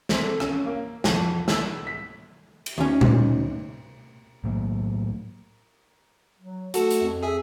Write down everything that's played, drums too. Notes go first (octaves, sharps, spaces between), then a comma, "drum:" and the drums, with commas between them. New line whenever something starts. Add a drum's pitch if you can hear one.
C4, drum: snare
A4
C#4, drum: rim click
A#3
F2, drum: snare
E6, drum: snare
B6
drum: cymbal
D2 C#4 D#4
drum: tom A#2
A2 F#3 A#3
F#3
A3 F#4 A4, drum: hi-hat
drum: hi-hat
F2
G#4 E5